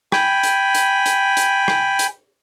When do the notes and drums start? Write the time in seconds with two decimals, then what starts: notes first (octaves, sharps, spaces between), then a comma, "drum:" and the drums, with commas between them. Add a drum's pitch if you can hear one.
0.12 G5 G#5 B5, drum: rim click
0.43 drum: hi-hat
0.75 drum: hi-hat
1.06 drum: hi-hat
1.37 drum: hi-hat
1.68 drum: rim click
1.99 drum: hi-hat